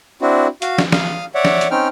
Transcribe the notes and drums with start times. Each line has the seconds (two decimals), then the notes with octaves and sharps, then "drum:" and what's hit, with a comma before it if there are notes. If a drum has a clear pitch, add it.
0.22 C4 D4 E4 F#4
0.62 F#4 F5, drum: hi-hat
0.78 drum: snare
0.92 F5 D#6 F6, drum: snare
1.35 C#5 D5 E5 F#5
1.45 drum: snare
1.61 drum: hi-hat
1.71 C4 C#4 D#4 G5 F6